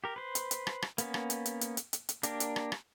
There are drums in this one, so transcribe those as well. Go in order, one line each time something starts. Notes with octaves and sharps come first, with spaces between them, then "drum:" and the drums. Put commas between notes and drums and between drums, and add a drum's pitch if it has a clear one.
G4 A#4
B4 C5
drum: hi-hat
drum: hi-hat
drum: rim click
drum: rim click
A#3 B3 C#4, drum: hi-hat
drum: rim click
drum: hi-hat
drum: hi-hat
drum: hi-hat
drum: hi-hat
drum: hi-hat
drum: hi-hat
A#3 D4 G4 A#4, drum: hi-hat
drum: hi-hat
drum: rim click
drum: rim click